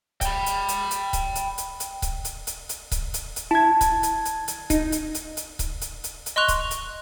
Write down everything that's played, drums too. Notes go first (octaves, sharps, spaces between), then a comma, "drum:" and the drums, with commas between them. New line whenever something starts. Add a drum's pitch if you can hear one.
G5 B5, drum: kick C#1, hi-hat
drum: hi-hat
drum: hi-hat
drum: hi-hat
drum: kick C#1, hi-hat
drum: hi-hat
drum: hi-hat
drum: hi-hat
drum: kick C#1, hi-hat
drum: hi-hat
drum: hi-hat
drum: hi-hat
drum: kick C#1, hi-hat
drum: hi-hat
drum: hi-hat
E4 A5 G#6
drum: kick C#1, hi-hat
drum: hi-hat
drum: hi-hat
drum: hi-hat
D#4, drum: kick C#1, hi-hat
drum: hi-hat
drum: hi-hat
drum: hi-hat
drum: kick C#1, hi-hat
drum: hi-hat
drum: hi-hat
drum: hi-hat
D#5 C6 C#6 F#6 F7
drum: kick C#1, hi-hat
drum: hi-hat